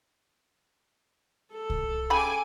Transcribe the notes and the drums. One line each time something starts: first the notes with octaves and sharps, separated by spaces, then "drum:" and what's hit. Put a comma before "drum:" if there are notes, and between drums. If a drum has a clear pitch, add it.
A4
drum: kick C2
C#3 G4 G#5 B5 D6